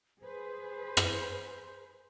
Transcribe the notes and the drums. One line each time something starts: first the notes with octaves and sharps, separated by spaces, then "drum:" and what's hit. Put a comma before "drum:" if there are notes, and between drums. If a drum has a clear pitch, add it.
G#4 B4 C5
drum: rim click